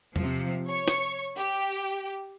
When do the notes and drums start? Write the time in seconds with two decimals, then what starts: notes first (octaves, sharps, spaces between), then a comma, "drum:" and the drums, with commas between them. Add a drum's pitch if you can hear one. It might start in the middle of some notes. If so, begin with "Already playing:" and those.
0.16 C3 F3, drum: tom E2
0.67 C#5 C#6
0.88 drum: snare
1.37 G4